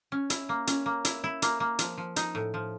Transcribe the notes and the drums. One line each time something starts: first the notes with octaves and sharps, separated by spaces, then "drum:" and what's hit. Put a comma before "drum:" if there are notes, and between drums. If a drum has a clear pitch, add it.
C#4
E4, drum: hi-hat
A#3
C#4, drum: hi-hat
A#3
E4, drum: hi-hat
E4
A#3, drum: hi-hat
A#3
F3, drum: hi-hat
F3
D#4, drum: hi-hat
A2
F3